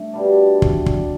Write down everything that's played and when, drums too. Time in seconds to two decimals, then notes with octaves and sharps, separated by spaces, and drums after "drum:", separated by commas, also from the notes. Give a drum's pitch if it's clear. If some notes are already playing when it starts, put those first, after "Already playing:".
Already playing: G2 A3
0.13 B2 G3 D4
0.62 drum: kick
0.86 drum: kick